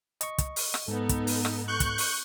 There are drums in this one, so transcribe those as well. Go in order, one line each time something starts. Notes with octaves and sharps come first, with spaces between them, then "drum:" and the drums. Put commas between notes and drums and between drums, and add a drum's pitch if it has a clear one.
D#5 C#6, drum: hi-hat
drum: kick, hi-hat
drum: open hi-hat
drum: rim click
G#2 B3 D#4 A4
drum: kick, hi-hat
drum: open hi-hat
drum: rim click
C#6 F#6 G6
drum: kick, hi-hat
drum: open hi-hat